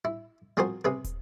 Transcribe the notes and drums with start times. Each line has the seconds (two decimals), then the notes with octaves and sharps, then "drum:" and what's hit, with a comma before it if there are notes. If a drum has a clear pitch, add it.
0.05 E4
0.57 F3 C4 F#4 G#4 A#4 C5
0.85 C3 G#4 B4
1.04 drum: kick, hi-hat